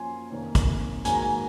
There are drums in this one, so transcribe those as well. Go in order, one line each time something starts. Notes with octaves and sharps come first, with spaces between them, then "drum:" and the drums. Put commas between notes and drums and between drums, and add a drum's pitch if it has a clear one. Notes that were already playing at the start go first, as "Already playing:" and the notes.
Already playing: F#2 F3 A#3 C#4 G#5 C6
F2 C3 D#3 A#3 C#4
drum: kick, hi-hat
G#2 D#3 F#3 A#3 G#5, drum: hi-hat
A#5
G#5